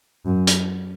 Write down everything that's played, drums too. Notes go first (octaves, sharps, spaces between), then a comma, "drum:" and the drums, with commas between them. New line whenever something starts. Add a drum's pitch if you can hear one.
F#2
drum: hi-hat